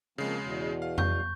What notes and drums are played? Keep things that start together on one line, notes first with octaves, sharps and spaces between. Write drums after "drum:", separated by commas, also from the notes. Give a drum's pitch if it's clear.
C#3 F3 G#3 A#3 C4
E2 B2
F5
C#6 G6, drum: tom F2